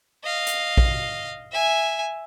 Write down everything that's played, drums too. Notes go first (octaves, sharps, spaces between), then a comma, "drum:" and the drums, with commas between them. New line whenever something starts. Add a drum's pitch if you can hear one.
D#5 F5
drum: hi-hat
drum: kick A#1
E5 G#5